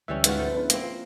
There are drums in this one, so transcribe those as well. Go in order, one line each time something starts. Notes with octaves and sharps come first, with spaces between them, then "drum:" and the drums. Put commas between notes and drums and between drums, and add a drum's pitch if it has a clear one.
D2 E3 G3 C#4 E5
G#2 F4 F#4 B4, drum: hi-hat
F3 A3
B3 D4 E4
A#3 C4, drum: hi-hat
F4